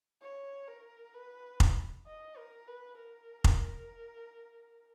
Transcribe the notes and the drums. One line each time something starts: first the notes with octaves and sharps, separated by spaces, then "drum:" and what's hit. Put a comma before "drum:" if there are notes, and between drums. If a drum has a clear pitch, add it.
C#5
A#4
B4
drum: kick F1
D#5
A#4
B4
A#4
drum: kick F1